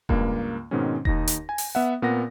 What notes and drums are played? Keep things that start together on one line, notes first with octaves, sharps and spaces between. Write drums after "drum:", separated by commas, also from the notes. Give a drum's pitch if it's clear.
C#2 G2 A#3, drum: kick E1
G#2 B2 D#3 G#3 C4 C#4
D#2 D#4 A#6, drum: kick E1
drum: hi-hat
G#5
drum: open hi-hat
B3 E5 F#5
A#2 B3 C4 A#4 F#5 A#6